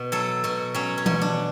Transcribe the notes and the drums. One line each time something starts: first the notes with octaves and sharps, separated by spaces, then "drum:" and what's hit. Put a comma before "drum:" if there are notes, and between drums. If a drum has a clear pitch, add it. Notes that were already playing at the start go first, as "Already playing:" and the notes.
Already playing: B2
F#3 A4
B2 F#4
F#3 C#4
C#4
B2, drum: tom E3
D4